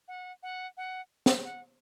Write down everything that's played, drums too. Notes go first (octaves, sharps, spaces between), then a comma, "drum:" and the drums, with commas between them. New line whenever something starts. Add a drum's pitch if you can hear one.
F#5
F#5
F#5
drum: snare
F#5